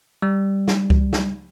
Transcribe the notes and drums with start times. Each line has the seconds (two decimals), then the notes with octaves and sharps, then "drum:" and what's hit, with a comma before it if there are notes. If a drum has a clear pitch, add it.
0.22 G3
0.68 drum: snare
0.90 drum: kick C#2
1.13 drum: snare